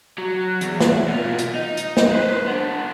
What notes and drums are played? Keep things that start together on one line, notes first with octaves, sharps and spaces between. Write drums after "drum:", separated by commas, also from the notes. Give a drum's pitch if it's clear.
F#3
E2, drum: hi-hat
drum: snare
B2 F4
drum: hi-hat
D#4
drum: hi-hat
drum: snare
B4 C5
B3 D4